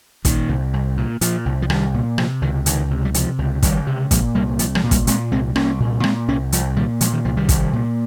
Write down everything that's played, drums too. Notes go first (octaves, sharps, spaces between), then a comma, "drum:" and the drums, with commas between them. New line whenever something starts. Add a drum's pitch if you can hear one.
A#2 D#3, drum: kick, hi-hat
C2
C2
A#2
A#2 F3, drum: hi-hat
C2
F3
C2 D#3 G3, drum: rim click
A#2
C3 F3, drum: rim click
C#2 D#3
C#2 D#3, drum: hi-hat
C3
G3
C3 F3, drum: hi-hat
C#2
C#2 D#3 G3, drum: kick, hi-hat
C3
A#2 F3 G#3, drum: kick, hi-hat
C2 G3 A#3
C2 F3, drum: hi-hat
F3 G#3, drum: rim click
A#2
G3 A#3, drum: kick, hi-hat
A#2 G#3 C4, drum: hi-hat
C2 G#3 C4
C2 A#3 C#4, drum: rim click
A#2
A#2 G#3 C4, drum: rim click
C2 A#3 C#4
C2 F3, drum: hi-hat
A#2 D#3 G3
A#2 F3 G#3, drum: hi-hat
D#3
C2 F3
D#3 G3
C2, drum: kick, hi-hat
A#2